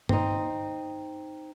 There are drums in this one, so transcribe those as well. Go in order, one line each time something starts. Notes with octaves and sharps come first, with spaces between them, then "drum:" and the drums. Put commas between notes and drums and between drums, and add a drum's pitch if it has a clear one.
C4 D#4, drum: tom G2